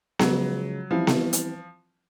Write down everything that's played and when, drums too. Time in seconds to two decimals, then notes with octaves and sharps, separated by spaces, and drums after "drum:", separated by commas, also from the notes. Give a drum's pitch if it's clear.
0.19 C#3 F3 F#3 G#3, drum: snare B3
0.91 E3 F3 G3 C4 E4
1.07 drum: snare B3
1.33 drum: hi-hat